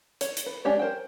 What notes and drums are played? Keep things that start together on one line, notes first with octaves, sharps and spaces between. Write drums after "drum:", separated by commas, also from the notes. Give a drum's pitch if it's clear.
C#5, drum: hi-hat
drum: hi-hat
B4
G#3 D4 G4 C#5
A#4 C5 C#5 G5